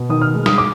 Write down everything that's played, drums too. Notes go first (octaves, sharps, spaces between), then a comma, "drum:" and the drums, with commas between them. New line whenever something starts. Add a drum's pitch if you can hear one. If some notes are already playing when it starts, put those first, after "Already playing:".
Already playing: B2
D#3 D#6
F6
G#3
D#6, drum: snare
D6